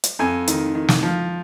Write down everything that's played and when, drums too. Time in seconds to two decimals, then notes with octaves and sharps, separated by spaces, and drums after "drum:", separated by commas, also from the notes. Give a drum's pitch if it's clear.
0.04 drum: hi-hat
0.19 F2 G#5
0.48 D#3, drum: hi-hat
0.75 D#3
0.89 drum: snare
1.03 F3